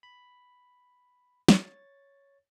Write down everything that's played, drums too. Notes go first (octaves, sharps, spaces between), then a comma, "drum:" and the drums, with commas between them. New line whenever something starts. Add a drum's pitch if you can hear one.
B5
C#5 A6, drum: snare